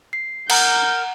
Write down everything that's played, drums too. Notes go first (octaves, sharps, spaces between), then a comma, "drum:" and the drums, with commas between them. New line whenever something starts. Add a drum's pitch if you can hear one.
C7
A#4 F#5 A#5 G6, drum: cymbal